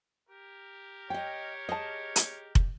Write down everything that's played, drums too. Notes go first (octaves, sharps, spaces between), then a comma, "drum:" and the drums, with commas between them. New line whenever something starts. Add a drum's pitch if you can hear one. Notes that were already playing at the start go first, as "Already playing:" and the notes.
G4 A#4
C#5 D#5 G5
G#4 D#5 A5
drum: hi-hat
drum: kick F1